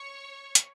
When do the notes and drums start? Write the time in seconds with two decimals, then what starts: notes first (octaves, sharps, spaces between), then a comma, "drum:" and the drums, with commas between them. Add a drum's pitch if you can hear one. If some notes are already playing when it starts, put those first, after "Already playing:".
Already playing: C#5 C#6
0.55 drum: hi-hat